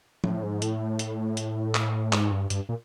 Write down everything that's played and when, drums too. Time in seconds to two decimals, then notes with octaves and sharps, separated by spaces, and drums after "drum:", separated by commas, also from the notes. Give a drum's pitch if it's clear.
0.24 A2, drum: tom F3
0.43 G#2
0.62 A2, drum: hi-hat
0.99 drum: hi-hat
1.37 drum: hi-hat
1.75 drum: clap
2.13 G#2, drum: clap
2.31 G2
2.50 G2, drum: hi-hat
2.69 A#2